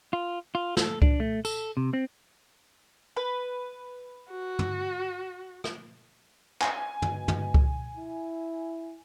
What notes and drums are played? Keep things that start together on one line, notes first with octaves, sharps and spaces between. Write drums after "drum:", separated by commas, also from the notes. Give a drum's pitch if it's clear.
F4
F4
A4, drum: snare
D4, drum: kick C#2
A3
A4, drum: tambourine
C3
C4
B4
F#4
drum: tom
drum: rim click
G#5, drum: clap
B2, drum: tom
drum: tom
drum: kick C#2
E4